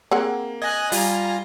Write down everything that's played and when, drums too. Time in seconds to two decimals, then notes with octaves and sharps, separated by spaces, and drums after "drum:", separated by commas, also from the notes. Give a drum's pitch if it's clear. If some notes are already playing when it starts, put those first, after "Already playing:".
0.11 A#3 C4 G#4 F#5
0.62 D#5 G#5 F#6 G#6 A#6
0.92 G3 F4 G#5 A#5, drum: open hi-hat